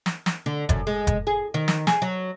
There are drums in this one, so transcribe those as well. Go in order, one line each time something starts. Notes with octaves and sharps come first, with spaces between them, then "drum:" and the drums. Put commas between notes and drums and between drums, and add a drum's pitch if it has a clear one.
drum: snare
drum: snare
D3
F#2, drum: kick F#1, hi-hat
G#3
drum: kick F#1, hi-hat
G#4
D#3
drum: snare
G#4, drum: snare
F#3